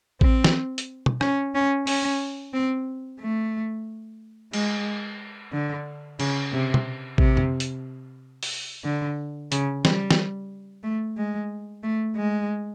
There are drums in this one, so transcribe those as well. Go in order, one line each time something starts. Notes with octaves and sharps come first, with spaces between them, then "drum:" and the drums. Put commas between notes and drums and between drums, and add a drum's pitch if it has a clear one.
C4, drum: kick A1
drum: snare
drum: hi-hat
drum: tom
C#4, drum: rim click
C#4
C#4, drum: open hi-hat
C4
A3
G#3, drum: cymbal
D3
C#3, drum: cymbal
C3
drum: tom
C3, drum: kick A1
drum: tom F2
drum: hi-hat
drum: open hi-hat
D3
C#3, drum: hi-hat
G3, drum: snare
drum: snare
A3
G#3
A3
G#3